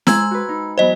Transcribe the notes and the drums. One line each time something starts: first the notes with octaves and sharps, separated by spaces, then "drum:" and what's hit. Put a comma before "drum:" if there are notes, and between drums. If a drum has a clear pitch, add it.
G#3 C5 G#5 A#5 E6 G#6, drum: snare
F#4 B4
D#4
E2 F#3 B3 C5 D#5